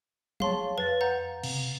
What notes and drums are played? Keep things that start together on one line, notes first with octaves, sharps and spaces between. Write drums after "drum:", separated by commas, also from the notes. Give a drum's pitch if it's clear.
G#4 C#5 F5 A5 C6, drum: tom F3
F2 B4 F5 A6
F#5 A#5 G6
C3, drum: cymbal